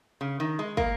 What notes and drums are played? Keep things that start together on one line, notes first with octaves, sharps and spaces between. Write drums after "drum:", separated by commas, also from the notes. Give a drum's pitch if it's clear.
C#3
D#3
G#3
A#3, drum: kick